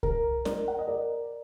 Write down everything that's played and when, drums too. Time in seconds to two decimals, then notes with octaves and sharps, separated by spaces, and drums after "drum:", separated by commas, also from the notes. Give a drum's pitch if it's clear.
0.03 A#4, drum: kick C2
0.45 A#4 D5, drum: snare
0.68 F#5
0.79 D#5
0.88 A#4 D5